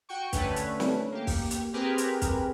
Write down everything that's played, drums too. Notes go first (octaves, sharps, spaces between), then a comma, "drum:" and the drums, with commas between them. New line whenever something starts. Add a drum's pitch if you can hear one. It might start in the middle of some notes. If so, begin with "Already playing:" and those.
F#4 G5 C#6
D3 A3 C#4 B4, drum: kick, hi-hat
drum: hi-hat
drum: snare
A#3 G4
drum: kick, open hi-hat
drum: hi-hat
C4 G4 G#4 A#4 B4
drum: hi-hat
drum: kick, hi-hat